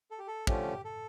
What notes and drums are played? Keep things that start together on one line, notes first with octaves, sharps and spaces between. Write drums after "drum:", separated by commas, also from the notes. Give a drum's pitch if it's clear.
A4
G4
A4
D3 F3 A3 C#4 G4, drum: kick
A4